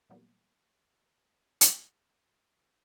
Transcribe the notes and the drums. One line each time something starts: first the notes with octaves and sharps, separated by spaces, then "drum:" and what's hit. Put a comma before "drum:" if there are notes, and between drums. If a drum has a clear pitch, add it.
A#2 E3 F#3 G3 A#3 B3
drum: hi-hat